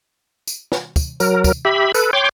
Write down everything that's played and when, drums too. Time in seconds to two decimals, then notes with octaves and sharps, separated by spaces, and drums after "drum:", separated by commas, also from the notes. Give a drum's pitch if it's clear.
0.47 drum: tambourine
0.72 drum: snare
0.96 drum: kick, tambourine
1.20 F#3 A#4, drum: tambourine
1.44 drum: kick, tambourine
1.65 G4 E5 B5
1.94 A4 B4, drum: tambourine
2.13 C#5 G5 C6 D6